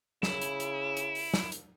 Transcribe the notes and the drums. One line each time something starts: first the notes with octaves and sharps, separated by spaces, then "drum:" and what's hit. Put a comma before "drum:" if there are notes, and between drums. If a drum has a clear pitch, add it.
C#3 E4, drum: snare
drum: hi-hat
drum: hi-hat
drum: hi-hat
drum: open hi-hat
drum: snare
drum: hi-hat